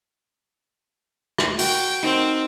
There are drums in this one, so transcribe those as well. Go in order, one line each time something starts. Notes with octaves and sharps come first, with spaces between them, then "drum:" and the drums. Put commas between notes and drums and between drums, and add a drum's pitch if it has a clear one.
drum: rim click
F#4 A#4 G5, drum: open hi-hat
C4 D#4 A#4